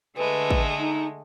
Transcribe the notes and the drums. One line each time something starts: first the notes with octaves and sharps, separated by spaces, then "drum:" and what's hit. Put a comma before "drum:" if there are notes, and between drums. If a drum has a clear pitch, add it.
D3 G#3 A3 B4
drum: kick
D#4